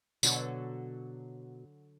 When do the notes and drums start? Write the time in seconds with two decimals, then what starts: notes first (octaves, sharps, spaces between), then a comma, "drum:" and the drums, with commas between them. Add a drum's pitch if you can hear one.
0.23 B2 D3 F#3 A4, drum: tambourine